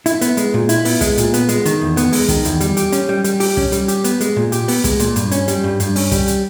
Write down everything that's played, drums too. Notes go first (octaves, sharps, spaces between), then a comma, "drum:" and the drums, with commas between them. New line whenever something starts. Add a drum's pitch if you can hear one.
E4, drum: hi-hat
B3, drum: hi-hat
G#3, drum: hi-hat
A#2
E4, drum: hi-hat
B3, drum: open hi-hat
G#3, drum: kick, hi-hat
A#2, drum: hi-hat
B3, drum: hi-hat
G#3, drum: hi-hat
D#3, drum: hi-hat
E2
B3, drum: hi-hat
G#3, drum: open hi-hat
D#3, drum: kick, hi-hat
E2, drum: hi-hat
G3, drum: hi-hat
G4, drum: hi-hat
C#4, drum: hi-hat
G3
G3, drum: hi-hat
G4, drum: open hi-hat
C#4, drum: kick
G3, drum: hi-hat
G4, drum: hi-hat
B3, drum: hi-hat
G#3, drum: hi-hat
A#2
G4, drum: hi-hat
B3, drum: open hi-hat
G#3, drum: kick, hi-hat
A#2, drum: hi-hat
G2, drum: hi-hat
C#4, drum: hi-hat
G3, drum: hi-hat
G2
G2, drum: hi-hat
C#4, drum: open hi-hat
G3, drum: kick, hi-hat
drum: hi-hat